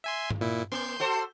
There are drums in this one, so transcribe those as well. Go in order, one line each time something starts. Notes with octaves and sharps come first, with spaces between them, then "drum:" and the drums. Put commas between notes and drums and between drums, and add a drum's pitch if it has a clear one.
E5 G#5 C6
drum: tom G2
A#2 E4
A#3 C6 G6
F#4 A4 C5